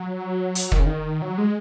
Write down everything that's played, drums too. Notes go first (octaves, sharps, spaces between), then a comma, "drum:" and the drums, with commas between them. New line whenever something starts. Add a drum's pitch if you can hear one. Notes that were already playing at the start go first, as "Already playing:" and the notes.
Already playing: F#3
drum: hi-hat
D#3, drum: kick
C#3
D#3
F#3
G#3